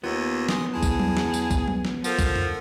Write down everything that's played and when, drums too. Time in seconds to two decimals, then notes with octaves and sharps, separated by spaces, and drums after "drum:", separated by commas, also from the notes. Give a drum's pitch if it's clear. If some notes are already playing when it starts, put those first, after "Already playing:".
0.04 D#2 B3 F4 G#6
0.49 G#5 C6 D#6, drum: snare
0.74 E2 E4 G#4 A5
0.83 drum: kick, tambourine
1.00 drum: tom F#3
1.17 drum: snare
1.34 drum: tambourine
1.51 drum: kick, tambourine
1.68 drum: tom F#3
1.85 drum: snare
2.04 F3 A4 A#4 F#5, drum: tambourine
2.19 drum: kick, tambourine
2.36 drum: tom F2